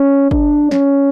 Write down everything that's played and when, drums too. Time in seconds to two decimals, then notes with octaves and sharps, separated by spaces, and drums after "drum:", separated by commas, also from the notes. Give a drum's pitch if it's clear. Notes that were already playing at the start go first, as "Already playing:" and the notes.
Already playing: C#4
0.31 D4, drum: kick
0.71 C#4, drum: snare